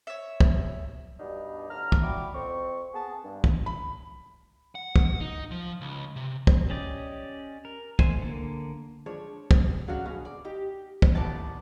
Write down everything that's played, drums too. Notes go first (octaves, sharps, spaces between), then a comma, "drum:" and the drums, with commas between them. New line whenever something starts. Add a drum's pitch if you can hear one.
C#5 E5
drum: kick
G2 B2 G3 B3 D4 D#4
A2 D3 A#5 F6
drum: kick
E4 F#4 D5 G5 B5 D6
F2 C4 C#6
B3 G#4 A5
G2
drum: kick
B5
F#5
drum: kick
D#4
F3
C#2
C3
drum: kick
C#4 G4 D5 D#5
A#4
G#3 A3 C5 G#5, drum: kick
D3 A#3
F3 G#3 D4 C#5
drum: kick
C#3 F#3 D4 F#4 F5
B2 C#4 G#4
D5
D#4 G4
drum: kick
A1 D#2 B3 D5 A5